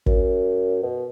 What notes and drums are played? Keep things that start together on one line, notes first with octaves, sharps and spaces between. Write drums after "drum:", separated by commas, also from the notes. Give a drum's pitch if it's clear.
F#2, drum: kick
B2